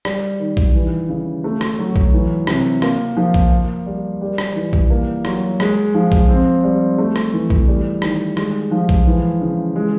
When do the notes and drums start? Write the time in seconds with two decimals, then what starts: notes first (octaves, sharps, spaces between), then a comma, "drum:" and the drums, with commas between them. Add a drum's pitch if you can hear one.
0.05 G3, drum: rim click
0.39 D#3
0.57 drum: kick A#1
0.75 E3
1.09 C#3
1.44 A3
1.61 drum: rim click
1.79 F#3
1.96 drum: kick A#1
2.13 E3
2.47 C3, drum: rim click
2.82 A#3, drum: rim click
3.17 F3
3.34 drum: kick A#1
3.51 A#3
3.86 G3
4.21 G3
4.38 drum: rim click
4.56 E3
4.73 drum: kick A#1
4.90 A#3
5.25 F#3, drum: rim click
5.60 G#3, drum: rim click
5.94 F3
6.12 drum: kick A#1
6.29 C4
6.64 G3
6.98 A3
7.16 drum: rim click
7.33 E3
7.50 drum: kick A#1
7.68 G3
8.02 D#3, drum: rim click
8.37 G#3, drum: rim click
8.71 F3
8.89 drum: kick A#1
9.07 E3
9.41 C#3
9.76 G#3